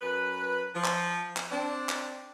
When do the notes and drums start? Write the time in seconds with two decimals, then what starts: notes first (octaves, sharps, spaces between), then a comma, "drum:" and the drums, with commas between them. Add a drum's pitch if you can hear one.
0.01 F#2 B4
0.74 F3
0.84 drum: clap
1.37 drum: clap
1.50 C4 D4
1.89 drum: clap